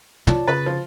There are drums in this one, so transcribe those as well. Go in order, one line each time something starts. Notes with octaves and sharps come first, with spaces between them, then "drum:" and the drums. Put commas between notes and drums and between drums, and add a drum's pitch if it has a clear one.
F4 C#5 D5 A5, drum: tom
C#3 B4 B5 A6
F3